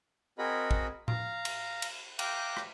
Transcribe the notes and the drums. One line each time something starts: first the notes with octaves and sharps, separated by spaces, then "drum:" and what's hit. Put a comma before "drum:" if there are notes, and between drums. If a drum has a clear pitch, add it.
C4 F#4 G#4 A#4 D#5 B5
drum: kick
F5 A#5, drum: tom A2
drum: cymbal
drum: cymbal
F5 G5 A#5 D6 F#6 G6, drum: cymbal
drum: rim click